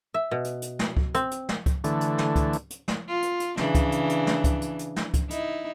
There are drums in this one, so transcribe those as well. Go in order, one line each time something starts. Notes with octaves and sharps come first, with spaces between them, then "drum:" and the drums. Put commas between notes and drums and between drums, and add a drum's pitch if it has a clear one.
E5
B2
drum: hi-hat
drum: hi-hat
drum: snare
drum: kick C#2
C4, drum: hi-hat
drum: hi-hat
drum: snare
drum: kick C#2, hi-hat
D3 E3 A3, drum: hi-hat
drum: hi-hat
drum: snare
drum: kick C#2, hi-hat
drum: hi-hat
drum: hi-hat
drum: snare
F4
drum: hi-hat
drum: hi-hat
C#3 E3 D4, drum: snare
drum: kick C#2, hi-hat
drum: hi-hat
drum: hi-hat
drum: snare
drum: kick C#2, hi-hat
drum: hi-hat
drum: hi-hat
drum: snare
drum: kick C#2, hi-hat
D#4 E4, drum: hi-hat